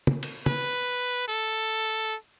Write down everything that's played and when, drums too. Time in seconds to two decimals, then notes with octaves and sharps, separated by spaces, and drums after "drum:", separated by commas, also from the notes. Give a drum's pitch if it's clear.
0.07 drum: tom
0.23 drum: cymbal
0.46 B4, drum: tom
1.28 A4